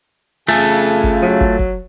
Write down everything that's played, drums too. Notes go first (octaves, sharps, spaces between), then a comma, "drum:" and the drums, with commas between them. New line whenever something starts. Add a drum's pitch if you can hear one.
C#3 A3 F4 A4 G#5
drum: kick
F#3
drum: kick
drum: kick